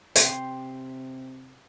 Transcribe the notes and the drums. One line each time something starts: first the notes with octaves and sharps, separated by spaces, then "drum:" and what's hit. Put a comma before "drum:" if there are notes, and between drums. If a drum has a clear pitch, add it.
C3 G4 C6, drum: hi-hat